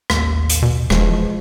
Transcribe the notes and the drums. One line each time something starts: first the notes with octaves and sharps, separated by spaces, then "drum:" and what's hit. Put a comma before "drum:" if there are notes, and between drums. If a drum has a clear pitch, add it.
A1 D#2, drum: rim click
drum: hi-hat
B2
E1 E3 F3 G#3, drum: rim click